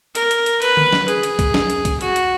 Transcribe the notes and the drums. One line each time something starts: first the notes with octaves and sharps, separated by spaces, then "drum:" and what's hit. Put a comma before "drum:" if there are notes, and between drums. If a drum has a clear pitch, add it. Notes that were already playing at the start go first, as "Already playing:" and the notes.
A#4, drum: hi-hat
drum: hi-hat
drum: hi-hat
B4, drum: hi-hat
drum: tom D3
drum: snare
G#4, drum: hi-hat
drum: hi-hat
drum: kick, hi-hat
drum: snare
drum: hi-hat
drum: kick, hi-hat
F#4, drum: hi-hat
drum: hi-hat